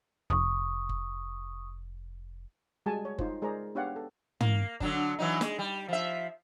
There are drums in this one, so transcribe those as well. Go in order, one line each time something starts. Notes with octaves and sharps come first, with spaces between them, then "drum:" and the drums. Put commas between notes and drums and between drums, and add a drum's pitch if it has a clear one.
F1 C#6 D#6, drum: kick F#1
drum: kick F#1
G3 G#3 F#4 G#4 G#5 A5
C#5
D#4 F4 C5, drum: kick F#1
G#3 G#4 A#4 C5 D5 A#5
B3 D4 G4 C#5 F5 F#5
A4
A#3, drum: tom
D3 F#3 D4, drum: kick F#1
E3 F#3 D#4
G#3, drum: snare
G3
F3 E5